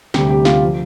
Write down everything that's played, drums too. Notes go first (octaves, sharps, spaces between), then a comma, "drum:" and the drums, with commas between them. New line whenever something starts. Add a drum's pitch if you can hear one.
D2 C3 G3 G4, drum: snare
G4
F4, drum: snare
F3